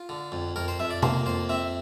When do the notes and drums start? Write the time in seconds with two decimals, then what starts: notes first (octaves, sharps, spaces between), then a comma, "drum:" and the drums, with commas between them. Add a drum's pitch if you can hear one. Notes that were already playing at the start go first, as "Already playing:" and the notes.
Already playing: F4
0.09 D3
0.32 F2
0.56 F2 A#4
0.68 C5
0.79 F2 E5
0.90 D5
1.02 A#3 C5, drum: tom
1.26 F2 C5
1.49 C4 E5